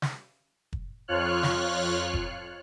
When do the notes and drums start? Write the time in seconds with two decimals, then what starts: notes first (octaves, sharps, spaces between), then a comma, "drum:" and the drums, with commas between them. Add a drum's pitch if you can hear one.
0.02 drum: snare
0.73 drum: kick
1.08 F2 F4 C#5 F6 F#6
1.43 drum: snare
2.14 drum: kick